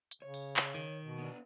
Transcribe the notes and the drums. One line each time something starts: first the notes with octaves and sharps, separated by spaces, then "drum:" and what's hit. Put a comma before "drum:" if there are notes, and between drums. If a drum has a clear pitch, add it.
drum: hi-hat
C#3 C#5
drum: open hi-hat
drum: clap
D#3
B2
B3 D4